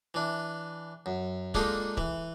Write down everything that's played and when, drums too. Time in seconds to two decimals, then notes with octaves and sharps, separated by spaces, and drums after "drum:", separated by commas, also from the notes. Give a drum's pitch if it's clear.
0.14 E3 D4
1.06 F#2
1.54 G#3 A#3 D4 D#4 F4 A4, drum: kick C#1
1.97 E3, drum: kick C#1